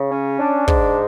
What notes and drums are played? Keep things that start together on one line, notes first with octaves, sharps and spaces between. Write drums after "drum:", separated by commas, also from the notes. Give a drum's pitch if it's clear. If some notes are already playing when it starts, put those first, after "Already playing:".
Already playing: C#3
C#4
D4
G#2, drum: kick